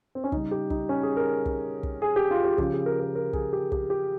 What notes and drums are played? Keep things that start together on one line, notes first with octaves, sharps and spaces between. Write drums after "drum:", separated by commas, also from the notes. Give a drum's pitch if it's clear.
C4
C#4
C#3 G3 D#4, drum: kick
G4
D#4, drum: kick
C#4
G#4
A#4
drum: kick
drum: kick
G#4
G4
F4
G4
C#3 F3 G4, drum: kick
G#4
A#4
A#4
A#4
G#4, drum: kick
G4
G4, drum: kick
G4